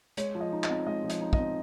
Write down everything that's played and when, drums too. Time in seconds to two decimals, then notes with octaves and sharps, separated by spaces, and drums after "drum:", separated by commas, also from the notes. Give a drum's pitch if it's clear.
0.17 G#3 C#5, drum: hi-hat
0.35 F3
0.40 D#5
0.53 D#4
0.64 D#5, drum: clap
0.70 C4
0.87 G#3 D#5
1.04 F3
1.10 D#5, drum: hi-hat
1.21 D#4
1.33 D#5, drum: kick
1.39 C4